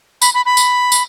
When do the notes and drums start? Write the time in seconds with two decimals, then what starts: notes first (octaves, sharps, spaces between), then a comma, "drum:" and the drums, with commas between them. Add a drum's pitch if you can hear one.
0.22 B5, drum: tambourine
0.34 B5
0.46 B5
0.57 drum: tambourine
0.92 drum: tambourine